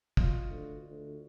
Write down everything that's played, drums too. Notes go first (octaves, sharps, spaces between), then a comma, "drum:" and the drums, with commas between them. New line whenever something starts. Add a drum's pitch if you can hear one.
F4 F#4 D#5, drum: kick
D2
D2